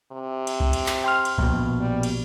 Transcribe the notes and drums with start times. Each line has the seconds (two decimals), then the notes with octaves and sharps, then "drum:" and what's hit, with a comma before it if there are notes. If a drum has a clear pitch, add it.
0.12 C3
0.47 drum: cymbal
0.60 drum: kick C2
0.73 drum: cymbal
0.86 drum: clap
1.04 G5 C6 F6
1.25 drum: cymbal
1.38 A#1 B2, drum: kick C2
1.80 G3
2.03 drum: cymbal